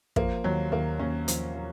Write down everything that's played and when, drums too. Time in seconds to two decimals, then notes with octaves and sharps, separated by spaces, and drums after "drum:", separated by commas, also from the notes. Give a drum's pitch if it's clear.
0.16 F3 A#3, drum: kick
0.44 D#2 F#3
0.72 D#2 A#3
0.99 D#2 C#4
1.28 F3, drum: hi-hat
1.54 F3